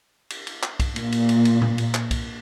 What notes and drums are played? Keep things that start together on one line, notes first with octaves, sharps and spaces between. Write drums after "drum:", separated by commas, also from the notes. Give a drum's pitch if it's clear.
drum: cymbal
drum: cymbal
drum: clap
drum: kick B1, cymbal
A#2, drum: cymbal
drum: cymbal
drum: cymbal
drum: cymbal
drum: tom A2
drum: cymbal
drum: clap
drum: kick B1, cymbal